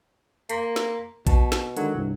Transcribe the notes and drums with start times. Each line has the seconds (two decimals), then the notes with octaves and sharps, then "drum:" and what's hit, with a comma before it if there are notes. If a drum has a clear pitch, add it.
0.50 A#3 C6 B6 C7, drum: hi-hat
0.76 drum: snare
1.27 B2 A5, drum: kick A#1, hi-hat
1.52 drum: snare
1.77 D3 D#3 F#3 G#3, drum: hi-hat
1.95 C2 G2